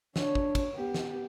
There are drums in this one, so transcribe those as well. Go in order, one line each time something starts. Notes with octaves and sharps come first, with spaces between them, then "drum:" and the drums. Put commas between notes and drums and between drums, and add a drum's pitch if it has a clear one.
D4 C#5, drum: snare
drum: kick
drum: kick, cymbal
B3 G4
drum: snare